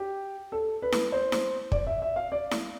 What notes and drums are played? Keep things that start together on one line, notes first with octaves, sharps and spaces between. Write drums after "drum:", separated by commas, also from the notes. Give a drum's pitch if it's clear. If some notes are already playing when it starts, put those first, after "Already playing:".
Already playing: G4
A4
B4
drum: snare E4
C5
drum: snare E4
D5, drum: kick
E5
E5
F5
D5
drum: snare E4